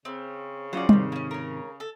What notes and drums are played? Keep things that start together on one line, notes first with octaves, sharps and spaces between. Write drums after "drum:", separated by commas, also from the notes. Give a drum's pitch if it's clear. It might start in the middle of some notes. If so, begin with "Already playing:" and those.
C#3 C4
F#3 C#4 F4 C5 D5
G#2 C3 D#3, drum: tom G3
A#3 C#4
A#4 C#5
A4